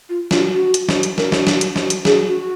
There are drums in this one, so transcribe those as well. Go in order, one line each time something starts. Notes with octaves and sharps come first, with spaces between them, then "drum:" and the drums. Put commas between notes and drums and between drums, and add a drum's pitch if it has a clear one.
F4
F4, drum: snare
F#4
drum: hi-hat
drum: snare
drum: hi-hat
A#4, drum: snare
drum: snare
drum: snare
drum: hi-hat
drum: snare
drum: hi-hat
G#4, drum: snare
F#4